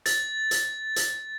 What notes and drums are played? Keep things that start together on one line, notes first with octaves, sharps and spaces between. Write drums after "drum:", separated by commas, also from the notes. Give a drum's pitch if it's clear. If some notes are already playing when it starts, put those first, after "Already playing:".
A6, drum: hi-hat
drum: hi-hat
drum: hi-hat